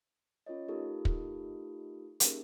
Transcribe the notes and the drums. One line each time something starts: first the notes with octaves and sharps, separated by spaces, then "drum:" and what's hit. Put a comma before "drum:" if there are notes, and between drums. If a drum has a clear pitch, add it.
C#4 F4 A#4 C#5 D#5
A3 D#4 F4 G4 A4 A#4
drum: kick
A#3 C#4 D#4 G4 G#4 A#4, drum: hi-hat